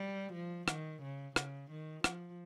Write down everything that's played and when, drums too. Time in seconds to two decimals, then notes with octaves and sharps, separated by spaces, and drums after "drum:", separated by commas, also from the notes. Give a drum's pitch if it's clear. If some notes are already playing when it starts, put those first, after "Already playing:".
Already playing: G3
0.33 F3
0.68 D#3, drum: rim click
1.02 C#3
1.36 C#3, drum: rim click
1.71 D#3
2.04 F3, drum: rim click